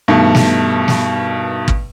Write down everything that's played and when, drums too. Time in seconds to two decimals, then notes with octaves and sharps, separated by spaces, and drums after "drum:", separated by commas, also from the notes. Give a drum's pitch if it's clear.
0.08 G2 B2 D#3 A3
0.35 drum: snare
0.88 drum: snare
1.68 drum: kick